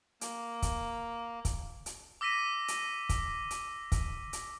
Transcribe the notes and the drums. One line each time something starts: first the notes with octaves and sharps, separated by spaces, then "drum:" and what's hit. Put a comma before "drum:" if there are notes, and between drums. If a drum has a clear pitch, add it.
A#3, drum: hi-hat
drum: kick, hi-hat
drum: kick, hi-hat
drum: hi-hat
D6 E6 A#6 B6 D#7
drum: hi-hat
drum: kick, hi-hat
drum: hi-hat
drum: kick, hi-hat
drum: hi-hat